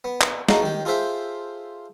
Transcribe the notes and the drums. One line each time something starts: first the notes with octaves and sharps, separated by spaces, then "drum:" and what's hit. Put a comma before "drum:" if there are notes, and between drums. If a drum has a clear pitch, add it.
B3
drum: clap
G#3 A#3 D4 D#4 F#4, drum: snare
D#3 G4
F4 G#4 A4 C5 E5 G5